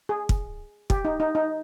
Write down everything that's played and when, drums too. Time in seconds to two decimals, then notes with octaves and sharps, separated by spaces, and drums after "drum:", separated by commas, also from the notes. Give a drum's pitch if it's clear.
0.09 G#4
0.29 drum: kick
0.90 G4, drum: kick
1.05 D#4
1.20 D#4
1.35 D#4